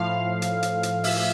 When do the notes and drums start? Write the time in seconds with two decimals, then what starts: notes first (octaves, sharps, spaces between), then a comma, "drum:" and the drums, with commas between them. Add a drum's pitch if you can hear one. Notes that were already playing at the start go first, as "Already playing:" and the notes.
Already playing: A2 F3 F5
0.42 drum: hi-hat
0.63 drum: hi-hat
0.83 drum: hi-hat
1.04 E5, drum: open hi-hat